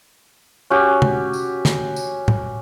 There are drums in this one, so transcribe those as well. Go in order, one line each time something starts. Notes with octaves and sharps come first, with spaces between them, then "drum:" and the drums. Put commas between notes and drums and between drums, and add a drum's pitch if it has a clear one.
C#4 F#4 G4
drum: tom
drum: tambourine
drum: snare
drum: tambourine
drum: tom